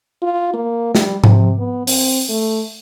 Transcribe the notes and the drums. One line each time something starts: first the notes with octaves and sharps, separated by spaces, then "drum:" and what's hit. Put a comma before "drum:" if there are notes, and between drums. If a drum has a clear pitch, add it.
F4
A#3
G3, drum: snare
C3, drum: tom G#2
B3
C4, drum: open hi-hat
A3